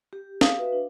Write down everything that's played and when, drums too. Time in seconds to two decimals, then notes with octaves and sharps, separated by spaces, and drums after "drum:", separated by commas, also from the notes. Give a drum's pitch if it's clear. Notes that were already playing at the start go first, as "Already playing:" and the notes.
0.13 G4
0.41 F5 D#6, drum: snare
0.58 F#4 B4 E5
0.72 D4